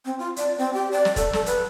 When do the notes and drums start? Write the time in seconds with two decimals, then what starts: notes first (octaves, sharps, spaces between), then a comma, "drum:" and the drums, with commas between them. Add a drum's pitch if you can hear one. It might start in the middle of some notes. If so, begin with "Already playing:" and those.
0.05 C4
0.19 F4
0.36 D5, drum: hi-hat
0.58 C4
0.74 G4
0.92 D5
1.05 drum: snare
1.16 A4, drum: kick, hi-hat
1.33 A4, drum: snare
1.46 B4, drum: hi-hat